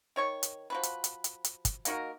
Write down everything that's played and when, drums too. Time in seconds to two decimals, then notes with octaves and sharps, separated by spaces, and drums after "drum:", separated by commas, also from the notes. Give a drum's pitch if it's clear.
0.16 D#3 C#5 C#6
0.43 drum: hi-hat
0.70 F3 F#4 B4
0.83 drum: hi-hat
1.04 drum: hi-hat
1.24 drum: hi-hat
1.44 drum: hi-hat
1.65 drum: kick, hi-hat
1.85 A#3 D#4 F#4 A#4, drum: hi-hat